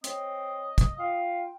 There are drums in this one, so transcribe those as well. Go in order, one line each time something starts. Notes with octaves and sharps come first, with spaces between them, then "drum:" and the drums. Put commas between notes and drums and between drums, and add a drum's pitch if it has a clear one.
C4 C#5 D#5, drum: hi-hat
drum: kick, hi-hat
F4 F5 G5